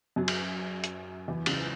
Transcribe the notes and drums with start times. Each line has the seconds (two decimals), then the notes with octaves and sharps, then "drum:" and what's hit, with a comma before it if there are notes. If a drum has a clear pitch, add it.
0.16 F#2 F#3
0.28 drum: cymbal
0.84 drum: hi-hat
1.28 E2 E3
1.46 C#2 C#3, drum: cymbal